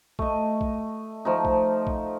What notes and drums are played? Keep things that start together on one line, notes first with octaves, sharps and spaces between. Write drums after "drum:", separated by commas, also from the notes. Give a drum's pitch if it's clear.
A3 D#5, drum: kick A#1
drum: kick A#1
F3 A3 D#4
drum: kick A#1
drum: kick A#1